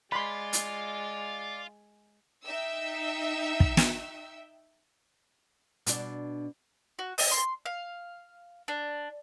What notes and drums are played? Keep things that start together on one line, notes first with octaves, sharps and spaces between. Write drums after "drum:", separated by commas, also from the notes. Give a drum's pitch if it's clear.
G#3 F4 D5 B5 C6
drum: hi-hat
D#4 E5 G5 E6
drum: kick
drum: snare
B2 D4, drum: hi-hat
F#4
D#5, drum: open hi-hat
C6
F5
D4